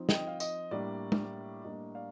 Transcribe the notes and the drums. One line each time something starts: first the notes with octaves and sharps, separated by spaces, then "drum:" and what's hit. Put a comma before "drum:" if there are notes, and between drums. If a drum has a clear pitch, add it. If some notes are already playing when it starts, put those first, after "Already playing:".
Already playing: F3 C4 D#4
D#5 G5, drum: snare
F5
D#5, drum: tambourine
A2 G3 A#3 D4 D5
drum: tom
A2 G3 A#3 D4 D#5
D5 F5